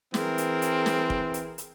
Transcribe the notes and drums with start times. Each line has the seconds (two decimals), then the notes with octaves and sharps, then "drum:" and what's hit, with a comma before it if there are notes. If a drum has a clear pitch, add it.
0.14 E3 C4 G#4 A#4, drum: snare
0.38 drum: hi-hat
0.62 drum: hi-hat
0.86 drum: snare
1.10 drum: kick
1.34 drum: hi-hat
1.58 drum: hi-hat